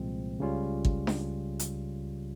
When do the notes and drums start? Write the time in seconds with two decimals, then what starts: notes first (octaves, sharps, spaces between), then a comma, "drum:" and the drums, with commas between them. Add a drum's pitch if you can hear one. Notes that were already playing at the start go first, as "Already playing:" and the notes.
Already playing: C2 A#2 F3 G#3 C4
0.39 C#2 C#3 G3 C#4 F4
0.85 drum: kick
1.07 drum: snare D4
1.59 drum: hi-hat